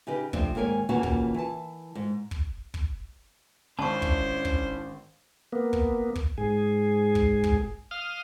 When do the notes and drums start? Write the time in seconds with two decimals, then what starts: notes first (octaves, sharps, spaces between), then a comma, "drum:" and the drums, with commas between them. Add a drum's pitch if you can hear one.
0.07 C#3 D#4 G4 B4
0.33 C3 F3 A3 C4 D4, drum: kick
0.55 D#2 G#2 A#4 C#5 G#5
0.89 D#2 A#2 C#3 E3 F#4 A5
1.03 drum: kick
1.34 E3 A5
1.95 G#2
2.31 drum: kick
2.74 drum: kick
3.79 G#1 C#4 D4 E4 C5 A5 C#6
4.02 drum: kick
4.45 drum: kick
5.52 A#3 B3
5.73 drum: kick
6.15 drum: kick
6.38 G#2 G#4
7.15 drum: kick
7.44 drum: kick
7.91 F5 D#6 F6